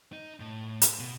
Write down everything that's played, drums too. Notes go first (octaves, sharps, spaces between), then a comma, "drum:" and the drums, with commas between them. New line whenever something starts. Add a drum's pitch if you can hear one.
D#4
A2
drum: hi-hat
B2